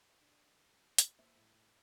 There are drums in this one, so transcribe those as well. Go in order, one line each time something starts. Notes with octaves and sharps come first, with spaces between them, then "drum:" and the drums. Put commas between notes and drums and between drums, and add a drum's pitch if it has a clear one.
D4
drum: hi-hat
A#3 C5 E5
A2